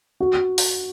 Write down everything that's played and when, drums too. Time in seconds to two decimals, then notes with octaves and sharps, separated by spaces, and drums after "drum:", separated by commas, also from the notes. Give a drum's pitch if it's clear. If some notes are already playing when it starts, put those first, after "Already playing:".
0.20 F#4
0.58 drum: open hi-hat